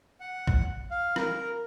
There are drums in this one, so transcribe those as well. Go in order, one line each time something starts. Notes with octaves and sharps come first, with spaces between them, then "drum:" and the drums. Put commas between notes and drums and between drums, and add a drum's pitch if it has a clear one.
F#5
drum: kick
F5
A#4, drum: rim click